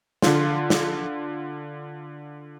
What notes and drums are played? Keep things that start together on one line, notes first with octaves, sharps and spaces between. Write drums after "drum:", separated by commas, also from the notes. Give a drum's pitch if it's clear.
D3 F4, drum: snare
drum: snare